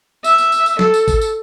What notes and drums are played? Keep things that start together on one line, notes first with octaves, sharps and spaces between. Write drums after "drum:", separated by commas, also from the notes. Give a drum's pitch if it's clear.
E5, drum: tambourine
drum: tambourine
drum: tambourine
drum: tambourine
A4, drum: snare
drum: tambourine
drum: kick, tambourine
drum: tambourine